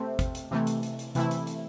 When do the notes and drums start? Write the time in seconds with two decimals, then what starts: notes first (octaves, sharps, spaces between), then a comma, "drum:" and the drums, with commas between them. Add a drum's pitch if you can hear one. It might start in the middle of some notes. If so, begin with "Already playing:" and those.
Already playing: C3 A3 C4
0.19 drum: kick, hi-hat
0.35 drum: hi-hat
0.51 C3 E3 A3
0.67 drum: hi-hat
0.83 drum: hi-hat
0.99 drum: hi-hat
1.15 C3 E3 A3 E4, drum: hi-hat
1.31 drum: hi-hat
1.47 drum: hi-hat